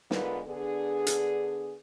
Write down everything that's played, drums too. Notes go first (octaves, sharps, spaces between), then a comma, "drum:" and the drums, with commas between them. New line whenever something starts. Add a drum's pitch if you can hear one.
D3 G#3 B3 F4 A#4 B4, drum: snare
D3 B3 D4 G#4
drum: hi-hat